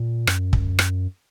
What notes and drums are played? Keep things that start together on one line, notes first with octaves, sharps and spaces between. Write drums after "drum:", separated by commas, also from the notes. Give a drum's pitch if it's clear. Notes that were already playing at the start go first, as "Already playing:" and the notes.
Already playing: A#2
F#2, drum: rim click
drum: kick
drum: rim click